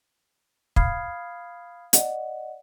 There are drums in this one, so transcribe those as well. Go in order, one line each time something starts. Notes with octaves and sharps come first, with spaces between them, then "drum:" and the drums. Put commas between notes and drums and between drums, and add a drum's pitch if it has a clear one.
F5 B5 D#6 F6 G#6 C7, drum: kick
D5 D#5 F#5, drum: hi-hat